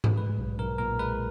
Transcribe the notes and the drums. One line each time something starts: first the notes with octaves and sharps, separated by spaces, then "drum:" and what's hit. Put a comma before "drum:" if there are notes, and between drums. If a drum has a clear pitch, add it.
drum: tom G#2
G#3 B4
B1
B1 A#4
A#2 A#4
G#3 B4